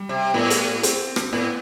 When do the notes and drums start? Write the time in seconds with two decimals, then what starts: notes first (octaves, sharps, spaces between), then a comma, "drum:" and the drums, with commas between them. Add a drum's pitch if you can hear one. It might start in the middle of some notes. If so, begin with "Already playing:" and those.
Already playing: G3
0.09 C3
0.34 A2 B3
0.50 drum: hi-hat
0.83 C4, drum: hi-hat
1.16 drum: rim click
1.32 A2 B3